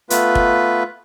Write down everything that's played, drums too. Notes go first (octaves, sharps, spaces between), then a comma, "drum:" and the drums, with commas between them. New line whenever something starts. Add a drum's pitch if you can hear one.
A3 B3 F4 B4, drum: hi-hat
drum: kick